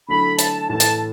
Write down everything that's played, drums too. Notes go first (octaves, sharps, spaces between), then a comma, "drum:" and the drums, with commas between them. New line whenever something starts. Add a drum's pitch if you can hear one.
D3 F#3 A3 E4 A4 B5
A5, drum: hi-hat
A2 E3 A3 A5
drum: hi-hat